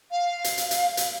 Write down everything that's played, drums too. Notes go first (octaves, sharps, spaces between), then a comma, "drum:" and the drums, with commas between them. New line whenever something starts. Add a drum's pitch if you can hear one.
F5
drum: hi-hat
drum: hi-hat
drum: hi-hat
drum: hi-hat